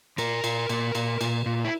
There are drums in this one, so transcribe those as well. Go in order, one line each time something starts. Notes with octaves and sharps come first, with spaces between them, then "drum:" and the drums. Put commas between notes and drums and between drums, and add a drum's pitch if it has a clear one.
A#2 A#4, drum: cymbal
A#2, drum: cymbal
A#2, drum: cymbal
A#2, drum: cymbal
A#2, drum: cymbal
A#2
E4